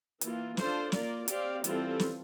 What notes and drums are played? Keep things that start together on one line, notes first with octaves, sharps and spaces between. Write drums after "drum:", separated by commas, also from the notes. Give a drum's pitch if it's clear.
E3 A#3 F4, drum: hi-hat
D4 F4 A4 C5, drum: snare
A#3 F4 A#4 D5, drum: snare
C4 G4 D5 F5, drum: hi-hat
E3 G3 C4 F4 A4, drum: hi-hat
drum: snare